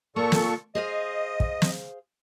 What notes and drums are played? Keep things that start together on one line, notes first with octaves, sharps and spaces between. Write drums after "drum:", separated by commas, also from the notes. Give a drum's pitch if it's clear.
A#2 A#3 A4 C#6
drum: snare
G#4 C5 D#5 F5
drum: kick
drum: snare